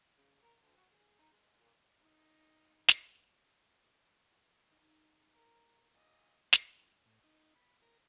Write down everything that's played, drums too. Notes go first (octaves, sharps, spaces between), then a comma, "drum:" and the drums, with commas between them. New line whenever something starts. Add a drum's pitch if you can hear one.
C#3
A#4
D2
F#4
G#4
D#4
G#3
A#2
D#4
drum: snare
D#4
A#4
A#2 D#5
drum: snare
A2
D#4
B5
A#4